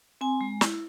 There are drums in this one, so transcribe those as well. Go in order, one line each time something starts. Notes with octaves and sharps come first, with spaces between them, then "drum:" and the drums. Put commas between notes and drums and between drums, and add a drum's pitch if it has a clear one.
C4 G#5
G#3
E4, drum: snare